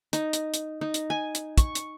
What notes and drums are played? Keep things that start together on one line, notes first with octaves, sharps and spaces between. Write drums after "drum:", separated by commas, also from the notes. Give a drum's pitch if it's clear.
D#4, drum: hi-hat
drum: hi-hat
drum: hi-hat
D#4
drum: hi-hat
G#5
drum: hi-hat
C#6, drum: kick, hi-hat
drum: hi-hat